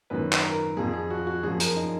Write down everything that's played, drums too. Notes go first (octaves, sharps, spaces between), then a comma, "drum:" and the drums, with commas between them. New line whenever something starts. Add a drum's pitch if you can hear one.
F#2 D#3 F#3 B4
drum: clap
A#4
F2 F3 G#4
G#4
F#4
F#4
F#2 F3 G#4
A#4, drum: hi-hat
D#4